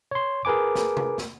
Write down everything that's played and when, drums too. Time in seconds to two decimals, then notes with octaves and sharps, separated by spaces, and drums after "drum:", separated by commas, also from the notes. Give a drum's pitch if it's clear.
0.11 C#5 C6
0.45 G#4 A#4 B4 G#5 D6
0.75 drum: snare
0.97 drum: tom
1.18 drum: snare